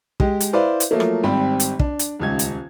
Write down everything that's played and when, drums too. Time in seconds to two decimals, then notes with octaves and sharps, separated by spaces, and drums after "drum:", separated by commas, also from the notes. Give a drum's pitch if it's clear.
0.20 G#3 G4, drum: kick
0.40 drum: hi-hat
0.53 E4 B4 C5 D5 F5
0.80 drum: hi-hat
0.91 F3 F#3 A3 A#3
1.00 drum: rim click
1.23 G#1 G3 C4 G4 B5
1.60 drum: hi-hat
1.79 D4, drum: kick
1.99 drum: hi-hat
2.19 D#1 C#2 G#6
2.39 drum: hi-hat